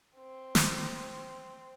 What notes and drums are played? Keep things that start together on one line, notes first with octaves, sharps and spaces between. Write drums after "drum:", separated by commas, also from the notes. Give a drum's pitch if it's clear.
C4
drum: snare